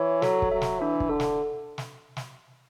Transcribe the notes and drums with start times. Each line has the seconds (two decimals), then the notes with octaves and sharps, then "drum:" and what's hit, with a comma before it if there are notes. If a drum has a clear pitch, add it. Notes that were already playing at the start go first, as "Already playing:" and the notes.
Already playing: E3 C#5
0.22 F#3 A4, drum: snare
0.42 drum: kick
0.52 F#3 E5
0.62 drum: snare
0.80 E3 D4
1.00 drum: kick
1.09 D3 A4
1.20 drum: snare
1.78 drum: snare
2.17 drum: snare